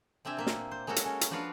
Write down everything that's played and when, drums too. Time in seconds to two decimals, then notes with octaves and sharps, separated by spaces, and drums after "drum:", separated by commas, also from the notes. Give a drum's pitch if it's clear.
0.25 C3 C4 D4 E5 G#5
0.37 A#2 A#3 E5
0.47 drum: snare
0.71 C5
0.87 G#3 A#3 C#4 F#4 A4 A#4
0.96 drum: hi-hat
1.06 C#4
1.21 drum: hi-hat
1.31 F3 D4 F#4 B4 D5 F5